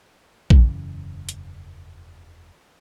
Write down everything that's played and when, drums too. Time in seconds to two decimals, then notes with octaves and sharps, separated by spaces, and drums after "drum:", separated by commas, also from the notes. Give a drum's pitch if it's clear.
0.50 E1 F#2 C#3 E3, drum: kick A#1
1.29 drum: hi-hat